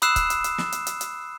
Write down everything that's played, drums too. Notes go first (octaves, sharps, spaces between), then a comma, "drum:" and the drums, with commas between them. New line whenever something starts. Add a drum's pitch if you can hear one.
B5 D#6 E6 F#6 C7 E7, drum: hi-hat
drum: kick, hi-hat
drum: hi-hat
drum: hi-hat
drum: snare
drum: hi-hat
drum: hi-hat
drum: hi-hat